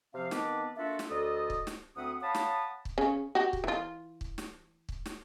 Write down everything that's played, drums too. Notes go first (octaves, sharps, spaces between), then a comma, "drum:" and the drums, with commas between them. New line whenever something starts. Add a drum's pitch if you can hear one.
C3 F3 C4 F5
D#3 B3 C4 B4 A5 D6, drum: snare
A#3 D4 F4 F#4 A4 E5
drum: snare
D2 A4 D5 D#5 D#6
drum: kick
drum: snare
D2 C4 E5 F#5 D#6
C#5 F5 F#5 A5 B5 D#6
drum: snare
drum: kick
C#3 C#4
F#4 G4
drum: kick
E3 F4
drum: kick
drum: snare
drum: kick
drum: snare